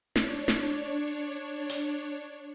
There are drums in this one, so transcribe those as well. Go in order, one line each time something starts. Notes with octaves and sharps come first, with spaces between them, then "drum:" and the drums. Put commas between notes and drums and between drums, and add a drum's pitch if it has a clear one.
D4 C#5, drum: snare
drum: snare
drum: hi-hat